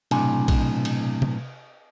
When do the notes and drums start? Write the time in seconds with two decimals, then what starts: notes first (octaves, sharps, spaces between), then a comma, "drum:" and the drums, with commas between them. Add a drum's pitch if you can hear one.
0.11 B1 A2 C3 D4 G#5, drum: cymbal
0.48 drum: kick A#1, cymbal
0.85 drum: cymbal
1.22 drum: tom C3